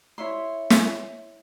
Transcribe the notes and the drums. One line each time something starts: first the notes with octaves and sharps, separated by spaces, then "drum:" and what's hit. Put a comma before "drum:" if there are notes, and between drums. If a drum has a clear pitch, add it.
E4 C#5 E5 C6
drum: snare